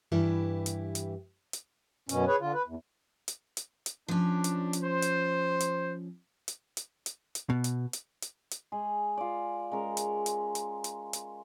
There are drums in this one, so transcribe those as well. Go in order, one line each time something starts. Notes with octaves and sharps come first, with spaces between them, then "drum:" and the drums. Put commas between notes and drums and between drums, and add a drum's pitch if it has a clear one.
G2 E3 E4 G4 B4
drum: hi-hat
drum: hi-hat
drum: hi-hat
F#2 B2 C#4, drum: hi-hat
G#4 B4 C#5
D3 F4
B4
E2
drum: hi-hat
drum: hi-hat
drum: hi-hat
F3 C#4 D4
drum: hi-hat
drum: hi-hat
C5
drum: hi-hat
drum: hi-hat
drum: hi-hat
drum: hi-hat
drum: hi-hat
drum: hi-hat
B2
drum: hi-hat
drum: hi-hat
drum: hi-hat
drum: hi-hat
G#3 G#4
F4 D5
G#3 C#4 A#4
drum: hi-hat
drum: hi-hat
drum: hi-hat
drum: hi-hat
drum: hi-hat